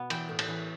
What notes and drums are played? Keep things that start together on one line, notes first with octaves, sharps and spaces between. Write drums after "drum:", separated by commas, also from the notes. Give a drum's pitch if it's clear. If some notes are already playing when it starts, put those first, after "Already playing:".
Already playing: B2 B3
E3 G5, drum: cymbal
A2
A5, drum: cymbal
E3